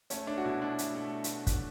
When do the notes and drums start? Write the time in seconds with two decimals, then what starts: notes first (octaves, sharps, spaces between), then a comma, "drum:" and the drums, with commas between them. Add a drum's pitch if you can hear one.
0.10 A3 C#4, drum: hi-hat
0.27 A3 D4
0.38 F#4
0.45 B2 E4
0.61 B2 D4
0.79 A3, drum: hi-hat
0.96 A3
1.24 drum: hi-hat
1.47 drum: kick, hi-hat